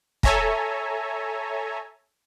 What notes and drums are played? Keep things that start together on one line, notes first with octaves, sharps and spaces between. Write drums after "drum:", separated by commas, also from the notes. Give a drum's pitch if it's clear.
A4 C#5 E5 G#5 A#5, drum: kick